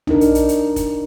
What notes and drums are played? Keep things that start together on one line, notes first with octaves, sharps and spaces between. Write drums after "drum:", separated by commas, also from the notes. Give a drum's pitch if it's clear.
D4 D#4 A#4, drum: tom
drum: hi-hat
drum: hi-hat
drum: hi-hat
drum: kick F1, hi-hat